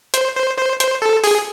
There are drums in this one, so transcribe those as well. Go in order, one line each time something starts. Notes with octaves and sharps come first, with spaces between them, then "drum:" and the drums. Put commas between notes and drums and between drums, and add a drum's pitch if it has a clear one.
C5, drum: hi-hat
C5
C5
C5, drum: hi-hat
A4
G#4, drum: open hi-hat